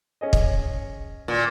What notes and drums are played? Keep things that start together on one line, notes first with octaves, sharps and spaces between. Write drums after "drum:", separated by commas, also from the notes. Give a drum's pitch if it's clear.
C#4 G#4 D#5
drum: kick
A#2